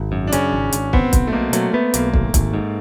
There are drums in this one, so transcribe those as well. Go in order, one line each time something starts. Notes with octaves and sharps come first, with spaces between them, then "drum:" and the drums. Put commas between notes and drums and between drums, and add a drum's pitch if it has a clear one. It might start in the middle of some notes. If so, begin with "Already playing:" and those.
Already playing: G#1
F#2
D4
C#3 C#4, drum: hi-hat
G#1
G#1, drum: hi-hat
B3 C4, drum: kick
B1 C4, drum: kick, hi-hat
A3
B2 A#3
F#3 A3, drum: hi-hat
A3 B3
B1 A#3, drum: hi-hat
G#1, drum: kick
G#1, drum: kick, hi-hat
G#2